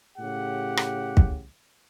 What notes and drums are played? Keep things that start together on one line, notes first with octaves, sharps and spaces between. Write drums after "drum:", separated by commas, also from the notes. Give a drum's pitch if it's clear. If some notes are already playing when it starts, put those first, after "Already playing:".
A2 C#3 G4 F#5
drum: rim click
drum: kick